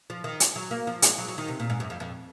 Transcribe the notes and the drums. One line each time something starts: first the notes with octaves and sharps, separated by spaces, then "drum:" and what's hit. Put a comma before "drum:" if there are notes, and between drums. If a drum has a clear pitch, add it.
F3
D#3
drum: hi-hat
F#3
A#3
F3
G#3, drum: hi-hat
F#3
F#3
D#3
C3
A#2
G#2
F#2
F2
F2